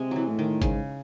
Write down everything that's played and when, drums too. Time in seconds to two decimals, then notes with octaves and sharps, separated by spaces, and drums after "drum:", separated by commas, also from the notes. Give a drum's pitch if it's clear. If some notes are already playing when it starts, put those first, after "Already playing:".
Already playing: C3 G#3
0.11 E3 F#3
0.28 A2
0.39 D#3
0.62 G#2 C#3, drum: kick G#1, hi-hat